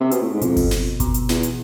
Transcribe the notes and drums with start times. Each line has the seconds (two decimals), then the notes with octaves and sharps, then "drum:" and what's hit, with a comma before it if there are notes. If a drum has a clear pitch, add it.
0.01 C3
0.11 B2, drum: hi-hat
0.21 A2
0.32 G#2
0.42 F2 B2, drum: hi-hat
0.57 drum: kick G1, open hi-hat
0.71 drum: snare
1.00 B2, drum: kick G1, hi-hat
1.14 drum: hi-hat
1.29 E2, drum: snare
1.43 drum: hi-hat